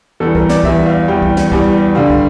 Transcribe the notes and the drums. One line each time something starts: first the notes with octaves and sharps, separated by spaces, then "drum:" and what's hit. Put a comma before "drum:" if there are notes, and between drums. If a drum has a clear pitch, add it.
E2 E3 G3 A4
A#4, drum: kick
D5, drum: snare
E2 E3 G3 E5, drum: kick
F5
E2 E3 G3 G5
drum: kick
drum: snare
E2 E3 G3, drum: kick
G2 D3 G3 F5
drum: kick